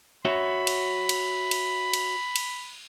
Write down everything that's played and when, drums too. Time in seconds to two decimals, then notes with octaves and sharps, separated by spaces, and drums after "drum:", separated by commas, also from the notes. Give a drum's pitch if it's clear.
0.25 F#4 C#5 E5 B5
0.67 drum: cymbal
1.09 drum: cymbal
1.51 drum: cymbal
1.93 drum: cymbal
2.36 drum: cymbal